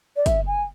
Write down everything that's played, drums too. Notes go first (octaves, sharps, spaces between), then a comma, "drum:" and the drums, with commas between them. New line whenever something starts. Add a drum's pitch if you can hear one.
D5
E5, drum: kick, hi-hat
G#5